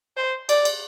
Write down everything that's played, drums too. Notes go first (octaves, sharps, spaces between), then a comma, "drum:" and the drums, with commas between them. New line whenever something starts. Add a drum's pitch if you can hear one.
C5
D5, drum: cymbal
drum: cymbal